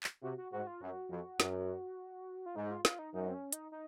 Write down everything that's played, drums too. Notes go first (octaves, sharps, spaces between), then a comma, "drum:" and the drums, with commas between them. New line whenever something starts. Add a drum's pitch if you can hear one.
drum: clap
C3 F#4
F#4
G#2 F#4
F4
F#2 F#4
F2
F#2, drum: snare
F4
G#2 D#4
F4
F4, drum: snare
D#4
F#2 D#4
C4
C#4
D#4, drum: hi-hat
D#4